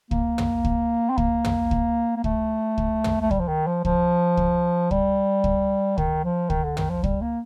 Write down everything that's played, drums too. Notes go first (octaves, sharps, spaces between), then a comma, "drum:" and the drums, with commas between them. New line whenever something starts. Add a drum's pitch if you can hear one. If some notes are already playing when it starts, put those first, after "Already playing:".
A#3, drum: kick
drum: tom
drum: kick
C4
A#3, drum: kick
drum: tom
drum: kick
A#3
A3, drum: kick
drum: kick
drum: tom
A3
G3, drum: kick
F3
D#3
F3
F3, drum: kick
drum: kick
G3, drum: kick
drum: kick
D#3, drum: kick
F3
D#3, drum: kick
D3
D#3, drum: tom
F3
G3, drum: kick
A#3